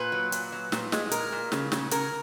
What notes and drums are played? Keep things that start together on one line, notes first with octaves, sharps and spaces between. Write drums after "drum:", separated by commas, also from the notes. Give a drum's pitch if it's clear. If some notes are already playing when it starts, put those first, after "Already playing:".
Already playing: A#2 B4
F#3
A#2, drum: hi-hat
F#3
A#2, drum: snare
G#3, drum: snare
A#2 A#4, drum: hi-hat
A#2
C#3, drum: snare
C#3, drum: snare
C#3 A#4, drum: hi-hat